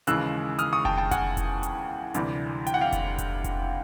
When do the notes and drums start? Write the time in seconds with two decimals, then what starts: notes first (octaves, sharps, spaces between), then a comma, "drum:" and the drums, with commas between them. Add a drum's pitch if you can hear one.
0.07 D#2 C#3 E3 G#3 E6 F#6, drum: hi-hat
0.59 D#6 F6, drum: hi-hat
0.73 C#6 D#6
0.85 G5 A5, drum: kick F1
0.97 G5 A5
1.11 F#5 G#5, drum: kick F1, hi-hat
1.37 drum: kick F1, hi-hat
1.63 drum: hi-hat
2.14 D2 C3 E3 G3, drum: hi-hat
2.67 G5, drum: hi-hat
2.74 F#5
2.81 F5 G5
2.92 drum: kick F1, hi-hat
3.18 drum: kick F1, hi-hat
3.44 drum: kick F1, hi-hat